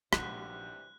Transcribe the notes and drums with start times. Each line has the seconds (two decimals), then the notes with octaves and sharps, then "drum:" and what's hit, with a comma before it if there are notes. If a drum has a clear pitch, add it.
0.13 A#1 C3 E3 G3 G#3 D#4 F#4 F#6, drum: rim click